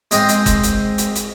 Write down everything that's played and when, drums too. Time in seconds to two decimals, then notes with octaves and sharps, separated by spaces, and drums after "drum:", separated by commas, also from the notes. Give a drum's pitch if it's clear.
0.11 G#3 C4 D#5 G5, drum: hi-hat
0.29 drum: hi-hat
0.46 drum: kick F#1, hi-hat
0.63 drum: hi-hat
0.98 drum: hi-hat
1.15 drum: hi-hat